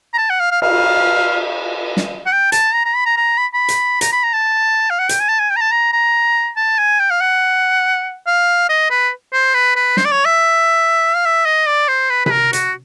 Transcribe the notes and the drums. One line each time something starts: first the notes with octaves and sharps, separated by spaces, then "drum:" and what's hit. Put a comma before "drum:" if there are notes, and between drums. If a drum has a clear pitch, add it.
A#5
A5
F#5
F5
F5
F5, drum: cymbal
drum: snare
F#5
G5
A5, drum: hi-hat
A#5
A#5
B5
A#5
A#5
B5
B5
drum: hi-hat
A#5, drum: hi-hat
B5
A#5
A5
F5
F#5
G5, drum: hi-hat
G#5
A5
G#5
G5
A#5
A5
A#5
A#5
A5
G#5
G5
F5
F#5
F5
D#5
B4
C5
B4
B4
C5, drum: snare
D5
C#5
E5
F5
E5
D#5
D5
C5
B4
B4, drum: tom C3
A#4
F#4, drum: hi-hat